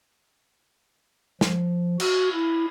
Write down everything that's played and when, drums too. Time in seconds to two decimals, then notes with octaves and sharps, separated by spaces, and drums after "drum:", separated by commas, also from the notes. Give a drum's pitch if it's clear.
1.41 F3, drum: snare
2.00 F#4, drum: cymbal
2.33 E4